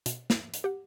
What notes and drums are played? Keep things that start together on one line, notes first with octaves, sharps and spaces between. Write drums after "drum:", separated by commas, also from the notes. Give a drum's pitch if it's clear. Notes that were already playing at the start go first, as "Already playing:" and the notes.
B2, drum: hi-hat
drum: snare
drum: hi-hat
G4 F#5